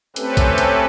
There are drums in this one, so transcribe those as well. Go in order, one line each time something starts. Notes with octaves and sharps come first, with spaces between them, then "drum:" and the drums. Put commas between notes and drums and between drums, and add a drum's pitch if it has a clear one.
A3 C4 C#4 G4 A4 B4, drum: hi-hat
drum: kick A#1, hi-hat
drum: hi-hat